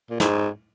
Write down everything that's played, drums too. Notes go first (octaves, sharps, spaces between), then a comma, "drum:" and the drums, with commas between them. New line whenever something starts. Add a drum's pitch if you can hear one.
A#2
G#2, drum: snare